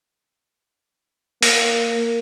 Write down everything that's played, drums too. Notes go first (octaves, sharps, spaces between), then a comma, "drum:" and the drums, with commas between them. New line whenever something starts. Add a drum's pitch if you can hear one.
A#3, drum: open hi-hat